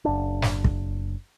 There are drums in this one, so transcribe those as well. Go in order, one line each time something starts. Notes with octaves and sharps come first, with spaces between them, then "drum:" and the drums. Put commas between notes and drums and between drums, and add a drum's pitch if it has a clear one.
F#1 D4
drum: snare
drum: kick